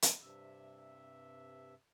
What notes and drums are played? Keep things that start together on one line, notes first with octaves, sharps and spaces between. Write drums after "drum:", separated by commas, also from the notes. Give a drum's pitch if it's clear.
drum: hi-hat
G2 C3 E5